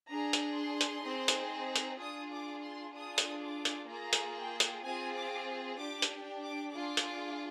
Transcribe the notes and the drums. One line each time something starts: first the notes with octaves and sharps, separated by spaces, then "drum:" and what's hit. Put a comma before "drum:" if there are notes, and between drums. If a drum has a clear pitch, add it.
D4 G#4 A#5
drum: hi-hat
C6
drum: hi-hat
C4 D#4 G#4
drum: hi-hat
drum: hi-hat
D4 F4 G#4 D#6
D6
C6
D4 F4 G#4 D#6
drum: hi-hat
D6
drum: hi-hat
A#3 F4 G#4 A#5
drum: hi-hat
G5
drum: hi-hat
C4 F4 G#4 G#5
D6
D4 G4 D6
drum: hi-hat
D6
D4 F4 G#4 D6
drum: hi-hat